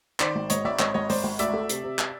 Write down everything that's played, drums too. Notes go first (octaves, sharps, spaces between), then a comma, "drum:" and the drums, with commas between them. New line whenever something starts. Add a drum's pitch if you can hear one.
D#3 C5 D5, drum: clap
G#1
G#2 C#5 D#5, drum: hi-hat
G#1 D5 E5
G#1 C#5 D#5, drum: clap
G#1 C#5 D#5
G#1 C5 D5, drum: open hi-hat
G#1
D2 D5 E5, drum: hi-hat
A3
C3, drum: hi-hat
C3
drum: clap